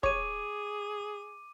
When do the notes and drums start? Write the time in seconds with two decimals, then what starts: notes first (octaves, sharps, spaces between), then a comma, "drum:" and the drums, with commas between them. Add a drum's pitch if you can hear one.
0.03 G#4 C#5 D6 D#7, drum: kick